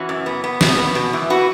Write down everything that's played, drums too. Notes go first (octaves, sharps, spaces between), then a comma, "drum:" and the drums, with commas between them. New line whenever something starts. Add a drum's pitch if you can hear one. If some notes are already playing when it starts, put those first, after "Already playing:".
Already playing: E3 C#4 F#4
F#2
B3
B3
B2, drum: snare
B3
B2
E3
F#4 B4